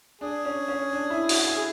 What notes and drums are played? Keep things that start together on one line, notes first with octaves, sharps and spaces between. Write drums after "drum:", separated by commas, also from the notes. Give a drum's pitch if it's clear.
D4 G#4
C#4
C#4
D4
E4
F#4, drum: open hi-hat
E4
G#4